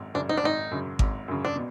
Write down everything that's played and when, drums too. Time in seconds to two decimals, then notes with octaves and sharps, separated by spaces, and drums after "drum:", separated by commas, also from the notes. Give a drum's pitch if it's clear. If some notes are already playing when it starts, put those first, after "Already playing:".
Already playing: G#1 F#2
0.14 F#2 C#3 D4
0.29 D#4
0.37 D4
0.43 G#1 D#4
0.71 F#2 C#3
0.99 G#1, drum: kick G#1
1.28 F#2 C#3
1.45 D4
1.56 B2